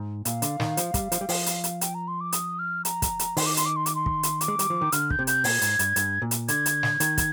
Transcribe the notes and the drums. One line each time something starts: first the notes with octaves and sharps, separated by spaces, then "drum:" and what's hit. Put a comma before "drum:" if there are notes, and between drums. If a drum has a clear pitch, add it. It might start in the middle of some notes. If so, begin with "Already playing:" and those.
Already playing: G#2
A#2 F5, drum: hi-hat
D3, drum: hi-hat
D#3, drum: snare
F3, drum: hi-hat
G3, drum: kick, hi-hat
F3, drum: hi-hat
G3
F3, drum: open hi-hat
drum: hi-hat
drum: hi-hat
G5, drum: hi-hat
A#5
C6
D6
D#6, drum: hi-hat
F6
A#5, drum: hi-hat
drum: kick, hi-hat
drum: hi-hat
D#3 C6, drum: open hi-hat
D6
C6, drum: hi-hat
D6
C6
D6, drum: hi-hat
C6
drum: kick
drum: hi-hat
D6, drum: hi-hat
G#3
G3, drum: hi-hat
F3
D#3
D3 F6, drum: hi-hat
G6, drum: kick
C3
G6, drum: hi-hat
A#2 G#6, drum: open hi-hat
G#2, drum: hi-hat
G2, drum: hi-hat
G2, drum: hi-hat
A#2
drum: hi-hat
D3 G#6, drum: hi-hat
drum: hi-hat
drum: snare
D#3, drum: hi-hat
drum: kick, hi-hat